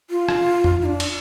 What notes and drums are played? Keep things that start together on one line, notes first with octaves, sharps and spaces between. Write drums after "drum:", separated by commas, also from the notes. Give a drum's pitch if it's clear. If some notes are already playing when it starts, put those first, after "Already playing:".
F4
drum: rim click
drum: tom F2
E4
D4
drum: cymbal